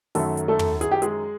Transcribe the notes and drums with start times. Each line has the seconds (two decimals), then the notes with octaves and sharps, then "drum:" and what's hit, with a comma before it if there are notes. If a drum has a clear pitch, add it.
0.15 F#2 D#3 F#3 A3 A4, drum: open hi-hat
0.37 drum: hi-hat
0.48 A3 A4
0.59 drum: tom
0.81 G#4, drum: hi-hat
0.91 G4
1.02 G#3 G#4, drum: hi-hat